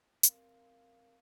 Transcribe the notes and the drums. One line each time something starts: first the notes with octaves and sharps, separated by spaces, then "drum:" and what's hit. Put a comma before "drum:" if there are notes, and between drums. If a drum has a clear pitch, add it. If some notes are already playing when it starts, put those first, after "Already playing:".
C4 A#4 F5, drum: hi-hat